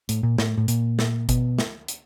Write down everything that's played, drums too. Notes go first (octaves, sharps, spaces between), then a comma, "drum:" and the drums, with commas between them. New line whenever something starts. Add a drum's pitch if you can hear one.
A2, drum: hi-hat
A#2
A2, drum: snare
A2
A#2, drum: hi-hat
drum: snare
B2, drum: kick G#1, hi-hat
drum: snare
drum: hi-hat